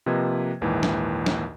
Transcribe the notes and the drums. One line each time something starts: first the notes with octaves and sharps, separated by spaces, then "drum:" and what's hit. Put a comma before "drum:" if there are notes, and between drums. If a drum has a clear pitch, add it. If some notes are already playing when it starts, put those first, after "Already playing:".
C3 F3 A#3 B4 D#5 G#6
A#1 D#2 G#2 E3
drum: snare
drum: snare